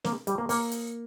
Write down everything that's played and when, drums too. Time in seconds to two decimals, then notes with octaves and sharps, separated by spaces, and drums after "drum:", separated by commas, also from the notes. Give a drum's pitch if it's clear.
0.04 A#3, drum: snare
0.27 G3, drum: hi-hat
0.38 A#3
0.49 A#3, drum: open hi-hat
0.72 drum: hi-hat